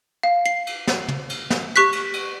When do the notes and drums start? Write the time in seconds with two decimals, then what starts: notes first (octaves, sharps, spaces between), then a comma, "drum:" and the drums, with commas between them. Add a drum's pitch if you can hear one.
0.23 F5
0.46 C7
0.67 drum: cymbal
0.88 drum: snare
1.08 drum: tom
1.29 drum: cymbal
1.50 drum: snare
1.76 G4 C#6 F#6 B6
1.92 drum: cymbal
2.13 drum: cymbal